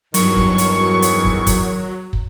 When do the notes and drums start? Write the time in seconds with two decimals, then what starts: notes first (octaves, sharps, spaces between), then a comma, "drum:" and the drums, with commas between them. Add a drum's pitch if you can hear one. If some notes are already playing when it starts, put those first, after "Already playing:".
0.14 E2 G2 D#3 F#3 C#6, drum: hi-hat
0.36 drum: kick
0.58 drum: hi-hat
1.02 drum: hi-hat
1.24 drum: kick
1.47 drum: kick, hi-hat
2.13 drum: kick